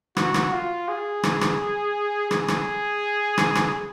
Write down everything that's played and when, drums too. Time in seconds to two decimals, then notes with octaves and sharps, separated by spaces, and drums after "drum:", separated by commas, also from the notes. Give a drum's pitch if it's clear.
0.17 F#4, drum: rim click
0.34 drum: rim click
0.52 F4
0.88 G#4
1.23 drum: rim click
1.41 drum: rim click
2.31 G#4, drum: rim click
2.48 drum: rim click
3.38 drum: rim click
3.55 drum: rim click